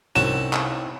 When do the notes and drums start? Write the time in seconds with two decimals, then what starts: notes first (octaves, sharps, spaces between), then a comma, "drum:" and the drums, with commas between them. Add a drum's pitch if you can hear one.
0.15 C2 C4 C#4 D#4 E4 F#4 E7
0.53 drum: clap